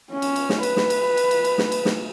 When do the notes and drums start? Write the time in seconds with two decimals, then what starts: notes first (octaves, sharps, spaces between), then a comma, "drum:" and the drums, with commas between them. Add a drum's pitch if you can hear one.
0.12 C#4
0.22 drum: cymbal
0.36 drum: cymbal
0.49 drum: snare
0.63 B4, drum: cymbal
0.77 drum: snare
0.90 drum: cymbal
1.17 drum: cymbal
1.31 drum: cymbal
1.45 drum: cymbal
1.58 drum: snare
1.72 drum: cymbal
1.85 drum: snare